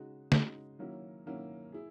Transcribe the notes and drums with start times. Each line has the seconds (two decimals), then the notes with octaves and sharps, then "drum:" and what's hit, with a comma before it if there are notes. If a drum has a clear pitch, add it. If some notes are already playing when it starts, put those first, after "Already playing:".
Already playing: C#3 G#3 D#4 F#4
0.32 C#3 G#3 D#4 F#4, drum: snare
0.79 D#3 F#3 A#3 C#4 E4
1.26 D#3 F#3 A#3 C#4 E4
1.72 E4 G#4